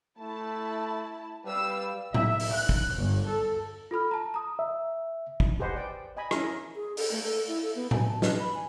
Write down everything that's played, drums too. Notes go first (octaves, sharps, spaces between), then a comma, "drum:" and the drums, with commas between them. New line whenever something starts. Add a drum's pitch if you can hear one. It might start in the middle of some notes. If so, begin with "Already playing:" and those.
A3 E4 A5
G3 B4 F5 E6
E5, drum: tom A2
drum: open hi-hat
F#6
drum: kick
G1
A4
F4 A4 B5 F6
A5 A#5
A#5 D#6
E5
drum: kick
G4 G#4 B4 C5 D#5 F#5
D5 G5
D#5 G#5 B5
C#4 E4 G#4 A#4, drum: rim click
G#4
A4, drum: open hi-hat
A3
A4
E4
A4
B3
G#5, drum: tom A2
A5
B4, drum: snare
B5
G#5